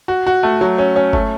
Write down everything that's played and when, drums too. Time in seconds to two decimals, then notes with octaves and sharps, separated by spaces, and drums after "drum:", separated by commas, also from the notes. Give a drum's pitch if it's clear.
0.08 F#4
0.27 F#4
0.43 A3
0.61 F#3
0.78 C#4
0.96 C#4
1.13 A3, drum: kick G1